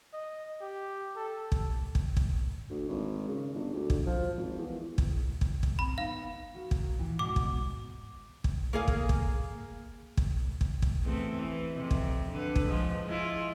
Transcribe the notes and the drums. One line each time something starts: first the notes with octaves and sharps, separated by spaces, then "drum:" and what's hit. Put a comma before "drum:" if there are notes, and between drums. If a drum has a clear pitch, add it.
D#5
G4
A4
drum: kick
drum: kick
drum: kick
D2
G#1
C#3
G1
D2
drum: kick
F3
G#1
E2
drum: kick
drum: kick
drum: kick
C4 A#5 B5
B3 D#4 F5
F#4 A#4
drum: kick
A#2 E3 G4
G#2 B2 D6
drum: kick
drum: kick
A#3 G#4 F5
drum: kick
drum: kick
drum: kick
drum: kick
drum: kick
E2 A3 C4
E3
F2 C3
drum: kick
D3 B4
drum: kick
G#2 F3
G#3 E4 F4